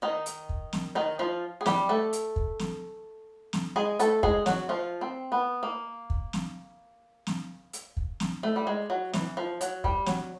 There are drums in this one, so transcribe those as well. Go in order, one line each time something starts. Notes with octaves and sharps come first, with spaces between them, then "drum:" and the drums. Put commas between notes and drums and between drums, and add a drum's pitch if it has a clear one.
D#3 D#4
drum: hi-hat
drum: kick
drum: snare
D#3 D#4
F3 F4
G#4
G3 G4, drum: snare
A3 A4
drum: hi-hat
drum: kick
drum: snare
drum: snare
G#3 G#4
A3 A4, drum: hi-hat
G#3 G#4, drum: kick
F#3 F#4, drum: snare
F3 F4
C4
B3
A#3
drum: kick
drum: snare
drum: snare
drum: hi-hat
drum: kick
drum: snare
A3
G3
G#3
F#3
E3, drum: snare
F3
F#3, drum: hi-hat
G3, drum: kick
F#3, drum: snare